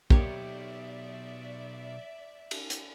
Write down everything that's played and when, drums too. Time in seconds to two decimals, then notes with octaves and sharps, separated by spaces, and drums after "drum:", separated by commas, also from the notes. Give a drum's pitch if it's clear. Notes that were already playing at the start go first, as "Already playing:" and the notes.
0.10 B1 G2 A#3 G4 C#5 D5 E5, drum: kick
2.51 drum: cymbal
2.70 drum: hi-hat